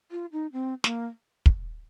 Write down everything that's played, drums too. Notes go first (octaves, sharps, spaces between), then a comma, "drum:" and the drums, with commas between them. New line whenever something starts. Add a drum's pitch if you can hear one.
F4
D#4
C4
A#3, drum: snare
drum: kick